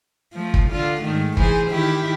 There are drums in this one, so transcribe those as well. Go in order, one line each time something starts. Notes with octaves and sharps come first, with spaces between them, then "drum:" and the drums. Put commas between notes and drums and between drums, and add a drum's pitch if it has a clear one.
F3 A3
drum: kick
D3 F4
G#2 D#3 A3
E3 G#4 C5, drum: kick
D#3 E4 G4